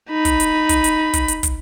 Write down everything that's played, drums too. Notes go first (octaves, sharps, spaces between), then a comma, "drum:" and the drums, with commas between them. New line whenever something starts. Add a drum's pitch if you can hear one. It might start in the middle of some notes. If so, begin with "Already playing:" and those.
D#4 B5
drum: kick, hi-hat
drum: hi-hat
drum: kick, hi-hat
drum: hi-hat
drum: kick, hi-hat
drum: hi-hat
drum: kick, hi-hat